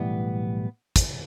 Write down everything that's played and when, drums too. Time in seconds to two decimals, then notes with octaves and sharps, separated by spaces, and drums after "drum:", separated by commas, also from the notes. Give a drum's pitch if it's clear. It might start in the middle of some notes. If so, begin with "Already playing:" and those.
Already playing: B1 A2 E3 G3 B3
0.96 drum: kick, hi-hat